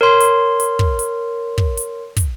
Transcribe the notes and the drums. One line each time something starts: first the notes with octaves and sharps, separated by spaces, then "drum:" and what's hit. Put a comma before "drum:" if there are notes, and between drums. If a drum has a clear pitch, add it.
A#4 C#5 C6
drum: hi-hat
drum: hi-hat
drum: kick
drum: hi-hat
drum: kick
drum: hi-hat
drum: kick, hi-hat